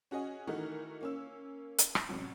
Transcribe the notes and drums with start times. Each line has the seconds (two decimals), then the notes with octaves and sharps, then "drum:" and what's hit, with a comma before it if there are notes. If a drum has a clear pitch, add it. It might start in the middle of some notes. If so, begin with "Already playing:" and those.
0.11 C#4 F#4 G#4 D#5 G#5
0.47 D#3 E3 A3 D#4 F#4 A#4
1.01 A#3 C#4 E6
1.78 drum: hi-hat
1.95 drum: rim click
2.09 A1 C3 F#3